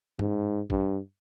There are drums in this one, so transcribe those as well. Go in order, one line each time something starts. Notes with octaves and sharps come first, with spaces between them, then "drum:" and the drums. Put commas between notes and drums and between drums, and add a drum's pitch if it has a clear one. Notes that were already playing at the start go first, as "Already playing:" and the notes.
G#2, drum: tom G2
G2, drum: kick